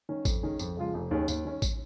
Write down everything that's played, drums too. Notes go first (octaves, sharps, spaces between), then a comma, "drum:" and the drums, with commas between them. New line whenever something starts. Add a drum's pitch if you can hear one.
D#3 C#4
F2, drum: kick A1, tambourine
D#3 C#4 G#4
F2, drum: tambourine
C#3 F3 G#3 F4
F1
D#2 D#3 C#4 G#4
D#2, drum: tambourine
D#3 C#4
drum: kick A1, tambourine